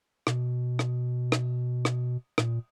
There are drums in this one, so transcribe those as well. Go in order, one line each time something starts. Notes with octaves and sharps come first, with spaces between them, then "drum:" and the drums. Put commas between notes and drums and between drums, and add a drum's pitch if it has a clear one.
B2, drum: rim click
drum: rim click
drum: rim click
drum: rim click
A#2, drum: rim click